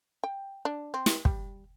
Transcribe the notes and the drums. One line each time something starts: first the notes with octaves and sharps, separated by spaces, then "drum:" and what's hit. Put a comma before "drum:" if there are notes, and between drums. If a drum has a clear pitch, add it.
G5
D4
C4
drum: snare
G3, drum: kick